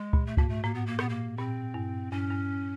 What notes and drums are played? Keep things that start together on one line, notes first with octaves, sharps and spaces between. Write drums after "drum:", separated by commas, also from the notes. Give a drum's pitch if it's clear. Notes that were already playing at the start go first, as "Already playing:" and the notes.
Already playing: G#3
A#2, drum: kick C#2
A3
G#2 A#3, drum: kick C#2
A3
A2 A#3
B3
A#3
A#2 B3, drum: rim click
A#3
A#2 C4
G2
G2 C#4
G2